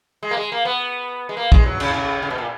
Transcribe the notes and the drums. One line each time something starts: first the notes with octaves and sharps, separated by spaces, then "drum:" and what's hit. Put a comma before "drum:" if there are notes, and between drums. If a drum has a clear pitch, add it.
G#3
A#3
G#3
A#3
B3
G#3
A#3
G#3, drum: kick A#1
F#3
C#3, drum: cymbal
C#3
C#3
B2
A#2